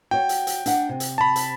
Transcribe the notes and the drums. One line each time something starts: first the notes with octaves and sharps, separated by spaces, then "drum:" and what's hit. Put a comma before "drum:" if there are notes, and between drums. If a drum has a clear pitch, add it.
F#4 C#5 G5
drum: hi-hat
drum: hi-hat
D4 F#5, drum: hi-hat
C3
drum: hi-hat
A5 B5
drum: hi-hat